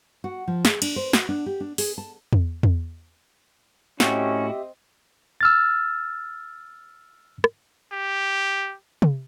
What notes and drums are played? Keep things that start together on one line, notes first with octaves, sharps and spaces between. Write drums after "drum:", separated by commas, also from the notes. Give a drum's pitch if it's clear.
F#4
F3
G#4, drum: snare
D4, drum: cymbal
C5
F#4, drum: snare
D4
G4
D4
G#4, drum: open hi-hat
A5
drum: tom E2
drum: tom E2
A2 C4 C#4 F#4 G4 D#5 E5 G5, drum: snare
E6 F6 A6
drum: rim click
G4
drum: tom C3